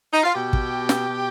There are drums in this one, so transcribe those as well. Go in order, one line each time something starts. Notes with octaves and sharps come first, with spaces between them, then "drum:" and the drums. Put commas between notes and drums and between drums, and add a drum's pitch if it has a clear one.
D#4
F4
B2 G4
drum: kick
drum: snare
B2